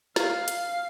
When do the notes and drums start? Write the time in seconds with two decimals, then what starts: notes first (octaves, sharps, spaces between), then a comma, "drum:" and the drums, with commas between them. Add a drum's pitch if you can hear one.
0.16 F5, drum: snare
0.48 drum: hi-hat